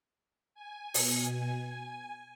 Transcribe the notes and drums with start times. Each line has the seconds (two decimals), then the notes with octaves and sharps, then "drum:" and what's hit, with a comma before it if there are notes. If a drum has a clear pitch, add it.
0.54 G#5
0.94 B2, drum: open hi-hat